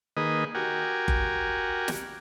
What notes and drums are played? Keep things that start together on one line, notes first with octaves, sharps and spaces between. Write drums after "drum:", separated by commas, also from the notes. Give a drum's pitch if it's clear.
D#3 A#3 G#4 B4 D#5
F#4 G4 A#4 G#5
drum: kick F#1
drum: snare